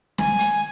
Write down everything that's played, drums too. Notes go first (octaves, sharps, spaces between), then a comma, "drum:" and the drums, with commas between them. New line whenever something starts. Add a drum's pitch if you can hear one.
G#5, drum: snare
drum: hi-hat